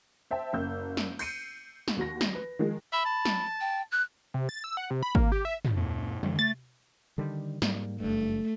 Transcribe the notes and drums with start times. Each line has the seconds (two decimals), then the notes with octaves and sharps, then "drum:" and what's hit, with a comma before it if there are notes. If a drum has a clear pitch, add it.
0.31 C5 E5 G5 A5
0.53 F#1 A#3 E6 G6
0.97 drum: snare
1.19 G6 C7 C#7 D#7, drum: cymbal
1.88 drum: snare
1.97 D#2 F#4 A#6
2.21 drum: snare
2.34 B4
2.59 D#3 F3 G#3
2.93 E5 B5
3.05 A5
3.25 drum: snare
3.61 G5
3.92 F#6
4.34 C3
4.49 A6
4.64 E6
4.77 F#5
4.90 C3
5.03 B5
5.15 A#3, drum: kick G#1
5.32 G4
5.45 E5
5.65 drum: tom
5.77 F#2 A#2
6.23 F#2 D3 G#3, drum: tom
6.39 A3 A6
7.18 D3 D#3 G3
7.62 G#2 G3 A#3, drum: snare
8.00 F#1 G2 A3